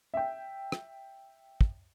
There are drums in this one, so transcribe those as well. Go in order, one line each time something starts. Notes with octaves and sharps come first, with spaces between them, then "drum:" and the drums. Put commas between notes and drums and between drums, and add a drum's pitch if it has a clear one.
E5 G5
drum: rim click
drum: kick